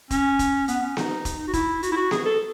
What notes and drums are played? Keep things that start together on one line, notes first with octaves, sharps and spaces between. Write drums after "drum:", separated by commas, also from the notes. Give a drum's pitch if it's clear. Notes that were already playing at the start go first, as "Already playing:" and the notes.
C#4, drum: kick E1, hi-hat
drum: kick E1, hi-hat
B3, drum: hi-hat
C#4
D#4, drum: snare B3
drum: kick E1, hi-hat
F#4
E4, drum: kick E1, hi-hat
F#4, drum: hi-hat
E4
F#4
G#4, drum: snare B3
A4